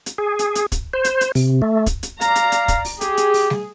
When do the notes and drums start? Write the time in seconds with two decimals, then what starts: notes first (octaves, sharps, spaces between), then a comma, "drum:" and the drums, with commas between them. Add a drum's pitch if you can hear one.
0.06 drum: hi-hat
0.18 G#4
0.39 drum: hi-hat
0.55 drum: hi-hat
0.72 drum: kick, hi-hat
0.93 C5
1.04 drum: hi-hat
1.21 drum: hi-hat
1.35 C3, drum: open hi-hat
1.62 A3
1.86 drum: kick, hi-hat
2.03 drum: hi-hat
2.21 D5 F5 A#5, drum: hi-hat
2.36 drum: hi-hat
2.52 drum: hi-hat
2.68 drum: kick, hi-hat
2.85 drum: open hi-hat
3.01 G4 G#4, drum: hi-hat
3.17 drum: hi-hat
3.34 drum: open hi-hat
3.50 drum: snare G3